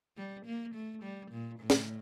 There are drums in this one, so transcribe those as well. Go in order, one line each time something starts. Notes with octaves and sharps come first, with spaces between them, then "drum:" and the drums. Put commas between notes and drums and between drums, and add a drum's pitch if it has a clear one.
G3
A#3
A3
G3
A#2
A2
drum: snare